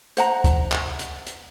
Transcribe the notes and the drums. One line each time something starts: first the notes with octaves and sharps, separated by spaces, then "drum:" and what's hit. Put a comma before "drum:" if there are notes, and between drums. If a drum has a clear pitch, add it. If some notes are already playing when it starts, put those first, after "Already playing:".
C5 F#5 A#5, drum: hi-hat
drum: kick, hi-hat
drum: clap
drum: hi-hat
drum: hi-hat